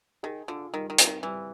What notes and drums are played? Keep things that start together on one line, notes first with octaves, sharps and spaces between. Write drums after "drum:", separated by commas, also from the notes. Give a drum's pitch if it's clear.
D#3 G#4
D3 F4
D#3 G3
D#3
C4, drum: hi-hat
D#3
E3 G3